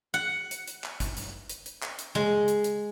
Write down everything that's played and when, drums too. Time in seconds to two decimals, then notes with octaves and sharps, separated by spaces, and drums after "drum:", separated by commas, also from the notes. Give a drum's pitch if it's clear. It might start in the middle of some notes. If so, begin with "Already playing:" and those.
0.14 F#5
0.51 drum: hi-hat
0.67 drum: hi-hat
0.84 drum: clap
1.00 drum: kick, hi-hat
1.17 drum: hi-hat
1.50 drum: hi-hat
1.66 drum: hi-hat
1.82 drum: clap
1.99 drum: hi-hat
2.15 G#3, drum: tom C#3
2.48 drum: hi-hat
2.64 drum: hi-hat